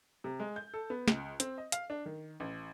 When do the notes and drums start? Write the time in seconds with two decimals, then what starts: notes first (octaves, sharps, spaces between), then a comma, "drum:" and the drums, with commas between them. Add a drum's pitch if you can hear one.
0.24 C3
0.40 G#3
0.56 G6
0.74 A4
0.90 B3
1.08 C#2, drum: snare
1.40 C4, drum: hi-hat
1.58 D#5
1.72 F5, drum: hi-hat
1.90 D4
2.06 D#3
2.40 A1